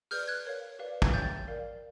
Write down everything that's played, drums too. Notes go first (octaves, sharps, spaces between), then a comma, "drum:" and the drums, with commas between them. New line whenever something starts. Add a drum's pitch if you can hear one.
G#4 B4 D5 F6 G6, drum: open hi-hat
F#6 G#6
A#4 C#5 F5
G4 B4 D5 F5
G#6, drum: kick
G#4 C#5 E5 G5 G6 A6
A#4 D5 F5